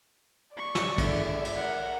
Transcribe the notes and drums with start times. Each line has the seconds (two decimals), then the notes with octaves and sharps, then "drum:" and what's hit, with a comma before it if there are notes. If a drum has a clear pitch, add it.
0.57 D5 C#6
0.75 drum: snare
0.98 D3 G#3 E5, drum: kick, cymbal
1.45 drum: cymbal
1.57 A#4 F#5